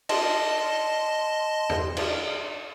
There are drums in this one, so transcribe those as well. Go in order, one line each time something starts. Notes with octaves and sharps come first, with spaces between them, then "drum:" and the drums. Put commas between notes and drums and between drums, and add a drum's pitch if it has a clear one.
D#5 A5 C6, drum: cymbal
drum: tom
drum: cymbal